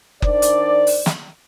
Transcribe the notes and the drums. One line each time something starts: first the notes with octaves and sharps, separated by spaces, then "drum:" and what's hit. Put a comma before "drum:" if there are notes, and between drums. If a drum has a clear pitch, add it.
D#3 D4 C5 D5, drum: kick F#1
drum: hi-hat
drum: open hi-hat
drum: snare